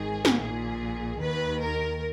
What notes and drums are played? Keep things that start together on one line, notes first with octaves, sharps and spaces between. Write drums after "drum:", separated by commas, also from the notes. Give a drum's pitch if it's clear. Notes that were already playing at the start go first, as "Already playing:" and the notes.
Already playing: G#1 G#2 D#3 G#4
drum: snare
A#1 A#2 G#4
D#2 D#3 B4
A#4